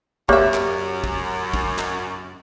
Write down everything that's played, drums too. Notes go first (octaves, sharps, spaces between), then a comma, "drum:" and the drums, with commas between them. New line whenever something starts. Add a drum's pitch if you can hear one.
F#2 A#3 G4 C#5 D5 E5, drum: kick
drum: clap
drum: kick
drum: kick
drum: clap